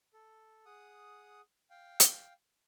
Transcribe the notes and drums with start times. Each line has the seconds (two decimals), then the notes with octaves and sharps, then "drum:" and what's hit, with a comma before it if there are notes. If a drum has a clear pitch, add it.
0.14 A4
0.66 G#4 F#5 D#6
1.70 F5 G5
2.00 drum: hi-hat